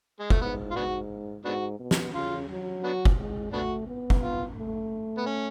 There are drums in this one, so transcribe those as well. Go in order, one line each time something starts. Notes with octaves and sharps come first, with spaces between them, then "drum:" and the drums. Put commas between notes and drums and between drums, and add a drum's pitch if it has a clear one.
G#3
A3, drum: kick
G#2 B3
F4
G#2 B3 D4 F#4
G#2 B3 D4 F#4
B2
drum: snare
C#3 F4
F#3
B3 D4 F#4
drum: kick
G#3
A3 B3 D4 F#4
B3
drum: kick
F4
A3
B3
C#4